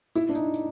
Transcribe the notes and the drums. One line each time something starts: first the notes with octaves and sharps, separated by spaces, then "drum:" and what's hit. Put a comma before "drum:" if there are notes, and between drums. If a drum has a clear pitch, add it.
E4, drum: tambourine
D4
D#4, drum: tambourine
drum: tambourine